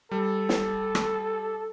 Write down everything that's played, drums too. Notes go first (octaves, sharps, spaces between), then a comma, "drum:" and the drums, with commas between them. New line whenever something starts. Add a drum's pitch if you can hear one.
G3 A4
drum: snare
drum: rim click